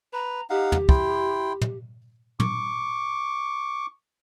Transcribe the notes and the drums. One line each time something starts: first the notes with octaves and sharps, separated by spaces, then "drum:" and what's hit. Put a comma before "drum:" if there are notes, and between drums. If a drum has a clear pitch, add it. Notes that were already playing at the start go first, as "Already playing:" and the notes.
B4 A#5
D#4 G4 F5 F#5
drum: tom E2
E4 G5 C6, drum: kick
drum: tom
C#6 D6, drum: tom